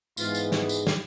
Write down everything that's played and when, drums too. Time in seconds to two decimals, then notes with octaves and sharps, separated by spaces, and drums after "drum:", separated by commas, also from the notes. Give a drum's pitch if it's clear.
0.17 G#2 E3 G#3 B3 F4, drum: tambourine
0.35 drum: tambourine
0.52 drum: snare
0.69 drum: tambourine
0.87 drum: snare